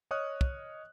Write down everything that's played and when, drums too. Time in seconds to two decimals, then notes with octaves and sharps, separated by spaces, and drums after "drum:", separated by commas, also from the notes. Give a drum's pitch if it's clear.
0.11 C#5 D#5 C#6 D#6 F6 F#6
0.41 drum: kick